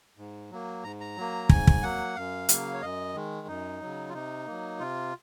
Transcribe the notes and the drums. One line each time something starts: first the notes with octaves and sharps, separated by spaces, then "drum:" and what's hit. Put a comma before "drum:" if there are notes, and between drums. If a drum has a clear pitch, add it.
G#2
F#3 A#3
G#2 A#5
A#5
F#3 A#3
G#2 G#5, drum: kick
drum: kick
F#3 A#3 F#5
F#2 F5
C#3 F#3 A#3, drum: hi-hat
C#5
F#2 D#5
D#3 G#3
F#2 D#4
C#3 F#3
F4
C3 D#4
F#3 A#3
C3 F4